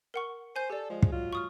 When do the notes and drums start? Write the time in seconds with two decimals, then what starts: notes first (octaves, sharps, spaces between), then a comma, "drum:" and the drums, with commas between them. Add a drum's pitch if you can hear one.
0.14 A#4 F#5 C#6
0.56 C5 G#5 G6
0.70 G4 A4 D5
0.89 F3 G#3
1.02 drum: kick
1.12 F#3 G#3 F4
1.33 C#6 D#6 F6